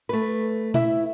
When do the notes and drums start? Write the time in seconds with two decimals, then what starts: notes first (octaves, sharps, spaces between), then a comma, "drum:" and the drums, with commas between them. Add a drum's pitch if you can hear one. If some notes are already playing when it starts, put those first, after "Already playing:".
0.09 A3 B4
0.74 E4 E5, drum: tom A#2